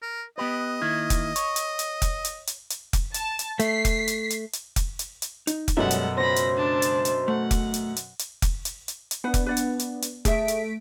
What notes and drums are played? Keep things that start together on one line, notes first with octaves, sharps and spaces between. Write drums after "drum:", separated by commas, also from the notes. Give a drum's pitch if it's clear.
A#4
B3 G4 B4 D#5
D#3 A#3 E4
drum: kick F1, hi-hat
C#5, drum: hi-hat
drum: hi-hat
drum: hi-hat
drum: kick F1, hi-hat
drum: hi-hat
drum: hi-hat
drum: hi-hat
drum: kick F1, hi-hat
A5, drum: hi-hat
drum: hi-hat
A3 B6 C7, drum: hi-hat
drum: kick F1, hi-hat
drum: hi-hat
drum: hi-hat
drum: hi-hat
drum: kick F1, hi-hat
drum: hi-hat
drum: hi-hat
D#4, drum: hi-hat
drum: kick F1, hi-hat
F#2 B2 G3 G#3 A4 E5 F#5
drum: hi-hat
C#2 B3 C5 B5 A#6
drum: hi-hat
D4 A5
drum: hi-hat
drum: hi-hat
A3 F#5
drum: kick F1, hi-hat
drum: hi-hat
drum: hi-hat
drum: hi-hat
drum: kick F1, hi-hat
drum: hi-hat
drum: hi-hat
drum: hi-hat
B3 D4 B4 F#5
drum: kick F1, hi-hat
B4 D5 F#5
drum: hi-hat
drum: hi-hat
drum: hi-hat
A3 G#4 E5 B6 D7, drum: kick F1, hi-hat
drum: hi-hat